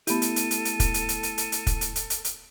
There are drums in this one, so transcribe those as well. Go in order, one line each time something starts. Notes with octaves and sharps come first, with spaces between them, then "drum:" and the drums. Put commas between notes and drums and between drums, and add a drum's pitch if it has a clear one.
A3 B3 E4 G4 A4 D#7, drum: hi-hat
drum: hi-hat
drum: hi-hat
drum: hi-hat
drum: hi-hat
drum: kick, hi-hat
drum: hi-hat
drum: hi-hat
drum: hi-hat
drum: hi-hat
drum: hi-hat
drum: kick, hi-hat
drum: hi-hat
drum: hi-hat
drum: hi-hat
drum: hi-hat